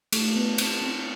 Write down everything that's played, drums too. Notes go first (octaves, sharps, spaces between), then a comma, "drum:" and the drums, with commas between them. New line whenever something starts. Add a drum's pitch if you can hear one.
A3, drum: cymbal
B3
C4, drum: cymbal
C4